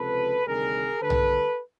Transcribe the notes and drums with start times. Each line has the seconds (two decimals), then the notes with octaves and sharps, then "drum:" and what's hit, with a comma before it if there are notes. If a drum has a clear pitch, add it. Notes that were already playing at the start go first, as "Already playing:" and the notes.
Already playing: C#2 C3 F3 A4 B4
0.47 D2 C3 D#3 G3 G#4 A#4
1.01 D2 D3 G3 A4 B4
1.10 drum: tom